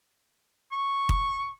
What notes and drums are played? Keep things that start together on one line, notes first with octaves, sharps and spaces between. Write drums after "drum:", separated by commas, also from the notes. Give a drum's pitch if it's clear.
C#6
drum: kick